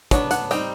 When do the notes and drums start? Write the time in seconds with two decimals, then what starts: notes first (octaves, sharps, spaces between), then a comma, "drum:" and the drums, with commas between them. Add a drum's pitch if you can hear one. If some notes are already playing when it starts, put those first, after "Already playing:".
0.11 F#3 B3 D4 C#5, drum: kick, hi-hat
0.31 F#5, drum: hi-hat
0.51 G3 C4 D#4 G5, drum: hi-hat